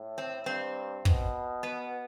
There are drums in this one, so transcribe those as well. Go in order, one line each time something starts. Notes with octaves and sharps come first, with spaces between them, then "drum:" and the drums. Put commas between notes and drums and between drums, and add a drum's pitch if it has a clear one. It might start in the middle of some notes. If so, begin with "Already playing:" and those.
Already playing: A2
C4
G2 C4
B2, drum: kick
B3